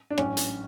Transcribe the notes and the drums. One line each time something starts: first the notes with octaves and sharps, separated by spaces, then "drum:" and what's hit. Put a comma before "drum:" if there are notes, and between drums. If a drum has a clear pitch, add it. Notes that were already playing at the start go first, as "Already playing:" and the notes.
D4
A1 G#2 F#3 C#4, drum: rim click
drum: hi-hat